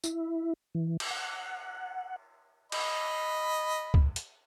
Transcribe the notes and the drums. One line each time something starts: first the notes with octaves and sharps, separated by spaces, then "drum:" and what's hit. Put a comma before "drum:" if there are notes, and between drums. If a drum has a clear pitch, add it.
E4, drum: tambourine
E3
drum: cymbal
F#5
D#5 B5, drum: cymbal
drum: kick
drum: hi-hat